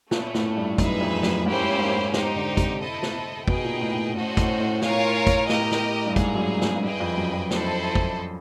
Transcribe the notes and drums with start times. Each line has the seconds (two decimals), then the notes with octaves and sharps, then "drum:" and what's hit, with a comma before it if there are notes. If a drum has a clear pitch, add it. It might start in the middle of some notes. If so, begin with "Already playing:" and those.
0.11 A#2 A3 C#4 E4, drum: snare
0.34 A2, drum: snare
0.57 G2
0.78 F#2 D#4 G#4 B4 E5, drum: kick, hi-hat
1.01 F2
1.23 F#2, drum: snare
1.38 A2
1.46 G#2 A#3 C#4 E4 G4 C5
1.63 G#2
1.79 G#2
1.96 G#2
2.13 D#4 G4 C5, drum: snare
2.36 D3
2.57 C3, drum: kick, hi-hat
2.80 E4 A4 C5 D#5
3.03 drum: snare
3.48 B2 D#4 G#4 B4 D#5 G5, drum: kick
3.64 A#2
3.81 A2
3.97 A2
4.15 A2 C#4 F#4 A4 C5 D#5
4.37 A2, drum: kick, hi-hat
4.60 A2
4.82 F4 A#4 C#5 F5 G#5, drum: snare
5.27 drum: kick, hi-hat
5.49 A2 G4 A#4 D#5, drum: snare
5.71 drum: snare
6.06 G2
6.16 G#2 A#3 D#4 G#4, drum: kick, hi-hat
6.35 F#2
6.38 G2
6.62 F#2, drum: snare
6.76 G#2
6.83 G2 E4 G#4 B4 D#5 G5
7.00 F2
7.18 F#2
7.33 F2
7.51 F#2 E4 A4 C5 D#5, drum: snare
7.95 drum: kick